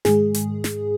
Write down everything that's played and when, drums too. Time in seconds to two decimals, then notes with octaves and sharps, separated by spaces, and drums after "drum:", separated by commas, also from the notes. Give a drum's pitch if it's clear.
0.05 G#2 D#3 G#3 G#4, drum: snare
0.34 drum: hi-hat
0.64 drum: snare